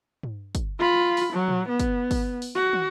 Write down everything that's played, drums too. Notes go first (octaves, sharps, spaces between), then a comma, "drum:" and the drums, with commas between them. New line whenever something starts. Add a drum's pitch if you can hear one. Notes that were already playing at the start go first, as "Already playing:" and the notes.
drum: tom
drum: kick, hi-hat
F4 B5
drum: open hi-hat
F#3
drum: tom
B3
drum: kick, hi-hat
drum: kick, open hi-hat
drum: open hi-hat
F#4
drum: tom